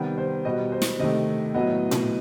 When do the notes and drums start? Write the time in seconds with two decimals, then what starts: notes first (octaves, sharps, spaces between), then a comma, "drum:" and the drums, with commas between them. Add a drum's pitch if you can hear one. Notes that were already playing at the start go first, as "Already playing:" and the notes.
Already playing: C3 D#3 G3 B3
0.18 C5
0.45 B2 G3 B3 D#5
0.72 C5
0.82 drum: snare
0.99 C3 D#3 A3 D#5
1.54 A2 F#3 B3 D#5
1.91 drum: tom A#2